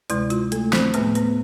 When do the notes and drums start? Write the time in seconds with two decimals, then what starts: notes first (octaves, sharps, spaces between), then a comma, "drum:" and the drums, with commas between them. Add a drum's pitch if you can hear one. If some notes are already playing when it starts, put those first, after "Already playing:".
0.10 D2 C3 G#3 E4, drum: hi-hat
0.30 F4, drum: hi-hat
0.52 A3 A4, drum: hi-hat
0.73 C4 C5, drum: snare
0.94 A2 F3 A3 B3 B4, drum: hi-hat
1.15 B3 B4, drum: hi-hat